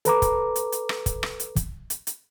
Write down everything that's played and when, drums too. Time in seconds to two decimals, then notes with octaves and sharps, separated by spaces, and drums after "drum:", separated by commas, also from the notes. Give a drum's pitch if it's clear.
0.05 A4 B4 A#5 D6, drum: hi-hat
0.22 drum: kick, hi-hat
0.56 drum: hi-hat
0.72 drum: hi-hat
0.89 drum: rim click
1.06 drum: kick, hi-hat
1.23 drum: rim click
1.40 drum: hi-hat
1.56 drum: kick, hi-hat
1.90 drum: hi-hat
2.07 drum: hi-hat